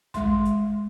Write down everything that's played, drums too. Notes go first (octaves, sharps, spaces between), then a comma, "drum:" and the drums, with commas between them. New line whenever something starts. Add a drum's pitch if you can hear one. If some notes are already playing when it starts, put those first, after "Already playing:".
G#3 E5 C6, drum: kick, hi-hat
drum: hi-hat